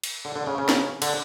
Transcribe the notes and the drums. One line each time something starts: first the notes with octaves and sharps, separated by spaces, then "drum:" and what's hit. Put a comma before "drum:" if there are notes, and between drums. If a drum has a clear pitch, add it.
drum: cymbal
D3
D3
C#3
C#3
drum: snare
D3, drum: cymbal